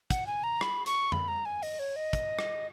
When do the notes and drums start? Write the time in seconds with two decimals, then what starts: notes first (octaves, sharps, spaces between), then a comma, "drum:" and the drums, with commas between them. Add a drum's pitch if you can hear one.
0.10 F#5, drum: kick, hi-hat
0.27 G#5
0.44 A#5
0.61 B5, drum: rim click
0.86 C#6, drum: hi-hat
1.12 B5, drum: tom F2
1.28 A#5
1.45 G#5
1.63 D#5, drum: open hi-hat
1.79 C#5
1.96 D#5
2.13 drum: kick, hi-hat
2.39 drum: rim click